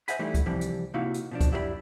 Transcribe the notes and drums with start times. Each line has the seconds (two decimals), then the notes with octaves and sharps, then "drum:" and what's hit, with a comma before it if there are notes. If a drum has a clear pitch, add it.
0.08 C5 D#5 E5 F#5 G#5 B5, drum: hi-hat
0.19 E3 G3 A3 D#4 E4
0.34 drum: kick C#2, hi-hat
0.46 C3 E3 F3 G3
0.61 drum: hi-hat
0.94 C3 A#3 D#4 E4 F#4 F5
1.14 drum: hi-hat
1.31 B2 F3 D4
1.41 drum: kick C#2, hi-hat
1.52 F#2 E4 G4 A#4 D5 B5